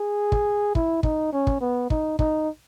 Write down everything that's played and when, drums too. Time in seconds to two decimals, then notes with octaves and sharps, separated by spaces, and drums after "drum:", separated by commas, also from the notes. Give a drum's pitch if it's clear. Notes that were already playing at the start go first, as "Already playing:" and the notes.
Already playing: G#4
0.32 drum: kick
0.75 E4, drum: kick
1.03 D#4, drum: kick
1.33 C#4
1.47 drum: kick
1.61 B3
1.90 D#4, drum: kick
2.19 D#4, drum: kick